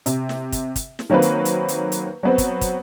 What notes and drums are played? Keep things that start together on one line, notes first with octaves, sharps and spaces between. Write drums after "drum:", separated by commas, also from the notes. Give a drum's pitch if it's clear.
C3, drum: hi-hat
drum: snare
drum: kick, hi-hat
drum: kick, hi-hat
drum: snare
D#3 F#3 A#3 C4 B4
drum: hi-hat
drum: hi-hat
drum: hi-hat
drum: hi-hat
F#3 B3 C4
drum: kick, hi-hat
drum: kick, hi-hat